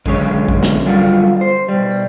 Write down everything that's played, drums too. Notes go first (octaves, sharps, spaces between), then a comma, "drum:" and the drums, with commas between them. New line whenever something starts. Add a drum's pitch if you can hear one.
B1 D3 G#3 C#4 C#5, drum: kick A1
drum: tambourine
drum: kick A1
drum: snare
F#2 D3 G3 F4 F#4
drum: tambourine
C5
B2 G3
drum: tambourine